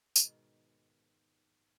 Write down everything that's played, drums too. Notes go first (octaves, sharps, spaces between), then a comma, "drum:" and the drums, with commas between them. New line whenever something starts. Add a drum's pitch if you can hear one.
G#2 B2 D#3, drum: tambourine